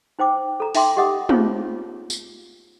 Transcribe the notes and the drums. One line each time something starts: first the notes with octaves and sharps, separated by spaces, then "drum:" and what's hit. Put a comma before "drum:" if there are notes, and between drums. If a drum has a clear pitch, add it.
D#4 C5 G5 D6
A4 A#5
D#4 E5 G5 C6 D6, drum: open hi-hat
G4 D#5 F#5 D6 D#6
D#4 F4 G#4 C5 C#5 F5, drum: tom
drum: tambourine